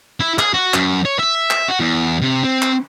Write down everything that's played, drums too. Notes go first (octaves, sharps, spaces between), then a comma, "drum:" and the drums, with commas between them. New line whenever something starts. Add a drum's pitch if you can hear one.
E4
G#4, drum: clap
F#4
F#2, drum: clap
C#5
E5
drum: clap
F#4
E2
C3
C4
drum: clap